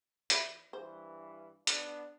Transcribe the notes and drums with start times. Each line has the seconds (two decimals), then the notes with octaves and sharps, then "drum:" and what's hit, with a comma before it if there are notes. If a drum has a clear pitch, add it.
0.30 E3 E4 B4, drum: hi-hat
0.73 G2 E3 C5
1.67 B3 D4, drum: hi-hat